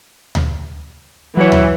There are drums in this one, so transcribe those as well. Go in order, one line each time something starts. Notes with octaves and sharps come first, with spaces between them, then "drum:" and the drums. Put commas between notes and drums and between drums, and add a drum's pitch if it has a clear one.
drum: tom D2
E3 F#3 C#5
drum: tom D2